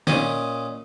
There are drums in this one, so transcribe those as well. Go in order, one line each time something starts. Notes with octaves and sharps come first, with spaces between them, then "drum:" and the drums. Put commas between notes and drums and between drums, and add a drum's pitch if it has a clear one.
A#2 C#4 D#5 D6 D#6, drum: snare